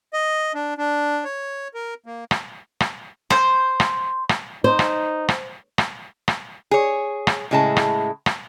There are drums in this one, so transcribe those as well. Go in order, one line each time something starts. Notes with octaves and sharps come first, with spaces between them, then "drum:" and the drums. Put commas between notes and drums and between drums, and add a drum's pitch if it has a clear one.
D#5
D4
D4
C#5
A#4
A#3
drum: rim click
drum: rim click
C5, drum: rim click
drum: rim click
drum: rim click
D#4 C5
drum: rim click
drum: rim click
drum: rim click
drum: rim click
G#4 C#5
drum: rim click
A2 C#3 G#3 E4 A5
drum: rim click
drum: rim click